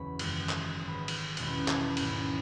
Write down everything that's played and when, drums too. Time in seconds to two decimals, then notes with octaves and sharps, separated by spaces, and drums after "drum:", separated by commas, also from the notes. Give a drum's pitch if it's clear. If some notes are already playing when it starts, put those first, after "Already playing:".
Already playing: F#1 E2 C#3 B5 C#6
0.19 G#1 F#2 D#3 G#3, drum: cymbal
0.49 drum: clap
0.79 G#2 F#3 B3 D#4 D#6
0.88 B5
0.93 C#6
1.08 C#6, drum: cymbal
1.37 E1 E2 B2 G#3 C#4 B5, drum: cymbal
1.68 A5, drum: clap
1.83 B5
1.97 G#1 G#2 E3 A3 C#4 B5, drum: cymbal
2.12 C#5